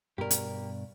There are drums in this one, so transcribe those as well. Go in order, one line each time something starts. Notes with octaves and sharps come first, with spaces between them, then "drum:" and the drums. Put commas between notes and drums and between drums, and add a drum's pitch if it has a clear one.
G2 B2 G4 A#4 D5
drum: hi-hat